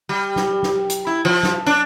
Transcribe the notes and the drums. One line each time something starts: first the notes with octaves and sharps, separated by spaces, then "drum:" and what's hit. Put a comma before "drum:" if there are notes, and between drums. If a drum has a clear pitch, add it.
G3
drum: snare
drum: snare
drum: hi-hat
E4
F3
drum: snare
D4